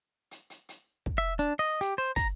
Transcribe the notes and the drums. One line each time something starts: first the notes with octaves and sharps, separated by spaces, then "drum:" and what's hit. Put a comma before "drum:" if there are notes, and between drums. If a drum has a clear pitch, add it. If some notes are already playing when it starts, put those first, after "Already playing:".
drum: hi-hat
drum: hi-hat
drum: hi-hat
drum: kick
E5
D4
D#5
G4, drum: hi-hat
C5
A#5, drum: kick, hi-hat